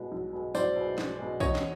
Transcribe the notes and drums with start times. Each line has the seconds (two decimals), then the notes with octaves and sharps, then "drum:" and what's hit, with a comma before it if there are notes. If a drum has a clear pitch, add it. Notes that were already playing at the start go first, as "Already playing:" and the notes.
Already playing: B2 G#3
0.12 B1
0.33 B2 G#3
0.55 B1 C5 D5, drum: tambourine
0.76 B2 G#3
0.98 B1, drum: snare
1.19 B2 G#3
1.40 E2 C#5 D#5, drum: kick, tambourine
1.55 drum: snare